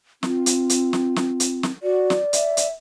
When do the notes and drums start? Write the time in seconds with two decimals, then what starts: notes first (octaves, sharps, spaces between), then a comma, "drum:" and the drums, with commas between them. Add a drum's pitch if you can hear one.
0.23 C4 F4, drum: snare
0.46 drum: hi-hat
0.70 drum: hi-hat
0.93 drum: snare
1.16 drum: snare
1.40 drum: hi-hat
1.63 drum: snare
1.83 F#4 D5
2.10 drum: snare
2.33 E5, drum: hi-hat
2.57 drum: hi-hat